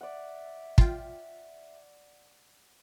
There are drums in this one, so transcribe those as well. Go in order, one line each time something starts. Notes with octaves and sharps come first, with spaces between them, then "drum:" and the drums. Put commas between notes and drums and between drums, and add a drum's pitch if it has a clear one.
D5 E5 F#5
F4 G5, drum: kick